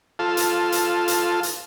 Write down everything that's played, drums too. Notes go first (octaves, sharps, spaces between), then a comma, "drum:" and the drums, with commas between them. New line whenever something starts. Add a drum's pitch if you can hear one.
F4 A4
drum: hi-hat
drum: hi-hat
drum: hi-hat
drum: hi-hat